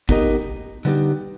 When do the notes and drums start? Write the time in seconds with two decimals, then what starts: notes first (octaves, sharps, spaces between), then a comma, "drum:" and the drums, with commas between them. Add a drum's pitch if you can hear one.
0.09 B3 D#4 G4 A#4 D#5, drum: kick G#1
0.85 D3 G3 B3 D#4 G4